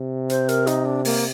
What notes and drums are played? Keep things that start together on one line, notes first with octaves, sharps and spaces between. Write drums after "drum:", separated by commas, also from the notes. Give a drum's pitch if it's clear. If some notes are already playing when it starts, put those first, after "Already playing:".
Already playing: C3
C5, drum: hi-hat
A#4, drum: hi-hat
D#4, drum: hi-hat
D4
A#3, drum: open hi-hat